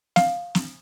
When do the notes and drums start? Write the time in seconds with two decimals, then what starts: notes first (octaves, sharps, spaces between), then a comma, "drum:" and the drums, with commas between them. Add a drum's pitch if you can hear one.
0.16 F5, drum: snare
0.55 drum: snare